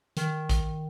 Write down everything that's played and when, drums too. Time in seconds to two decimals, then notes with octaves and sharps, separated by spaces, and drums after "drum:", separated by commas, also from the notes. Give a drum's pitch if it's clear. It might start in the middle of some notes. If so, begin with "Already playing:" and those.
0.17 D#3, drum: hi-hat
0.49 drum: kick A1, hi-hat